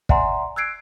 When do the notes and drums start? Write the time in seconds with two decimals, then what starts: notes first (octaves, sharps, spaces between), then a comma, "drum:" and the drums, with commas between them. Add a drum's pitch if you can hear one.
0.09 D5 E5 F#5 G#5 A#5 C6, drum: kick
0.56 E6 F#6 G#6 C7 D7